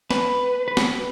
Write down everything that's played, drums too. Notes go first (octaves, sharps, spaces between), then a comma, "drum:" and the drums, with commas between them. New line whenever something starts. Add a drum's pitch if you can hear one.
B4, drum: snare
B4
drum: snare